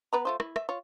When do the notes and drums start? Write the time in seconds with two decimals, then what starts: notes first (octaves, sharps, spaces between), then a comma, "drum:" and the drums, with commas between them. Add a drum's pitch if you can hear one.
0.13 B3 B4 A#5
0.25 A3 F4 C5
0.40 E4, drum: rim click
0.56 E5, drum: rim click
0.69 F4 C#5